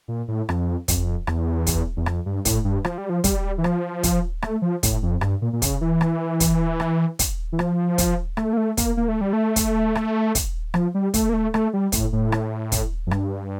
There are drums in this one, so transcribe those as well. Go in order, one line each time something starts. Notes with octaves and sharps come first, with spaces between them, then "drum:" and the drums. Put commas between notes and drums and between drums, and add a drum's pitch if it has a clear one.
A#2
A2
F2, drum: rim click
F2, drum: kick, hi-hat
E2, drum: rim click
drum: kick, hi-hat
E2
F2, drum: rim click
G2
A2, drum: kick, hi-hat
G2
F3, drum: rim click
G3
F3
G3, drum: kick, hi-hat
E3
F3, drum: rim click
drum: kick, hi-hat
A3, drum: rim click
F3
A2, drum: kick, hi-hat
F2
G2, drum: rim click
A#2
A#2
C#3, drum: kick, hi-hat
E3
drum: rim click
drum: kick, hi-hat
drum: rim click
drum: kick, hi-hat
E3
F3, drum: rim click
drum: kick, hi-hat
A3, drum: rim click
A#3
A3
A#3, drum: kick, hi-hat
A#3
A3
G3
A3
drum: kick, hi-hat
drum: rim click
drum: kick, hi-hat
F3, drum: rim click
G3
A3, drum: kick, hi-hat
A#3
A3
A3, drum: rim click
G3
A2, drum: kick, hi-hat
A2
drum: rim click
drum: kick, hi-hat
F2
G2, drum: rim click